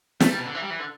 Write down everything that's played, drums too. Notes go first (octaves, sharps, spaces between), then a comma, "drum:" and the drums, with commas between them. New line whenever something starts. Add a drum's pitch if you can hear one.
A3, drum: snare
G3
B2
D3
E3
G3
E3
D3